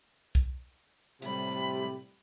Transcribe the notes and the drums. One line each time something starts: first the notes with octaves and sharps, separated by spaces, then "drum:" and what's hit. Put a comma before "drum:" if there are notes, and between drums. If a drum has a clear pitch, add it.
drum: kick
A2 C3 G3 B5, drum: hi-hat